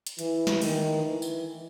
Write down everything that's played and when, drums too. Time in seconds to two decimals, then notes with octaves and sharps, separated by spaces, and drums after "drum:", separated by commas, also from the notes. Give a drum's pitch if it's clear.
0.07 drum: hi-hat
0.19 E3, drum: hi-hat
0.47 drum: snare
0.62 D#3, drum: open hi-hat
1.04 E3
1.22 drum: tambourine